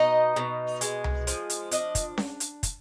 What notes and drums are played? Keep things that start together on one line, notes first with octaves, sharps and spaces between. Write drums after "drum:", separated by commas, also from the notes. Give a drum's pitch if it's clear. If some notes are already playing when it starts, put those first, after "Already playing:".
Already playing: B2 D#4 D#5
B2
G#3, drum: hi-hat
drum: tom C2
F3, drum: hi-hat
drum: hi-hat
D4 D#5, drum: hi-hat
drum: kick, hi-hat
drum: snare C#4
drum: hi-hat
drum: kick, hi-hat